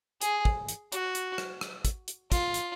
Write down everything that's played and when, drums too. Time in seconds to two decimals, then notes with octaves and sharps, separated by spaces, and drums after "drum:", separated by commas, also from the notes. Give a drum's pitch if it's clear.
0.21 G#4, drum: hi-hat
0.45 drum: kick
0.69 drum: hi-hat
0.92 F#4, drum: hi-hat
1.15 drum: hi-hat
1.38 drum: rim click
1.61 drum: rim click
1.85 drum: kick, hi-hat
2.08 drum: hi-hat
2.32 F4, drum: kick, hi-hat
2.54 drum: hi-hat